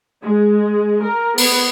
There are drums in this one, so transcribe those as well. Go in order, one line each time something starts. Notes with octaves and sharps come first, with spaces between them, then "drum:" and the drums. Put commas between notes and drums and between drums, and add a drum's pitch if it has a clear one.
G#3
A#4
B3, drum: open hi-hat